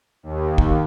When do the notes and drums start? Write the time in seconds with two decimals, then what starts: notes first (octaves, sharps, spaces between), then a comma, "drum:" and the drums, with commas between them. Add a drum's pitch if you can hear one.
0.23 D#2
0.58 drum: kick